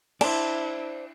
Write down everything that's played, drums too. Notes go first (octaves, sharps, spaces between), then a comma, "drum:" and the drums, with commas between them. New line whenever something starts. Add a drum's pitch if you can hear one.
D4 E4 C5 D5 A5, drum: cymbal